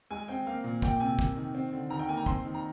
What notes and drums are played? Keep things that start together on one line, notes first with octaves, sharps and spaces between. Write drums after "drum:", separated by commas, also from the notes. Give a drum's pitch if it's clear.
G#3 G#5
C4 G5
A#3 F5
A#2
A#3 G5, drum: kick
C3 G#5
A#3, drum: kick
D#3
C4
D3
D#3 A#5
G5
A#3 G#5
A#5
C4 C6, drum: kick
D#3
A#5